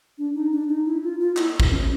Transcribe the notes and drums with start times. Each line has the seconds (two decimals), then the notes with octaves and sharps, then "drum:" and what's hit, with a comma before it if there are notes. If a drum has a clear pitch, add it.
0.18 D4
0.35 D#4
0.52 D4
0.69 D#4
0.86 E4
1.03 F4
1.20 F4
1.37 E4, drum: clap
1.60 drum: kick
1.71 C#4